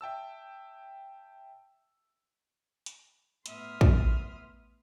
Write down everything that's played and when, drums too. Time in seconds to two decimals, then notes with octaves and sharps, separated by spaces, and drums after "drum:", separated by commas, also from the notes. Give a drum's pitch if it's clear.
0.01 E5 G5 A5 E6
2.86 drum: hi-hat
3.46 A2 B3 E5 C6 D#6 F6, drum: hi-hat
3.81 drum: kick